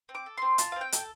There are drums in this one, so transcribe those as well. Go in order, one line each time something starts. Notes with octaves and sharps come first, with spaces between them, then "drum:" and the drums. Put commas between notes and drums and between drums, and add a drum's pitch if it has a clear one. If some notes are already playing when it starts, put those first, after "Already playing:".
C4
D6
A4
C4 C6
F4 A5, drum: hi-hat
C4 F5
G5
A4, drum: hi-hat